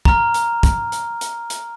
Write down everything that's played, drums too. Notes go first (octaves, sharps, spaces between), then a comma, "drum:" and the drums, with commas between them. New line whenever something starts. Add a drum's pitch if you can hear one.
A#5 F6, drum: kick
drum: hi-hat
drum: kick, hi-hat
drum: hi-hat
drum: hi-hat
drum: hi-hat